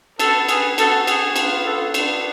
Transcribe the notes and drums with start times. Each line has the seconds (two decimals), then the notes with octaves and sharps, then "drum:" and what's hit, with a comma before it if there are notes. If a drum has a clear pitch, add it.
0.19 B3 F#4 A4, drum: cymbal
0.48 G#4 B4, drum: cymbal
0.78 B3 F#4 A4, drum: cymbal
1.07 G#4, drum: cymbal
1.36 B3 F4, drum: cymbal
1.64 A4
1.94 B3 D4 F4, drum: cymbal